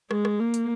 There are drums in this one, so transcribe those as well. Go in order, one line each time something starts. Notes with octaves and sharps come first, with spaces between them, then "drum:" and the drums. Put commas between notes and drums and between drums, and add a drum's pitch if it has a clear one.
G#3, drum: rim click
drum: rim click
A#3
drum: hi-hat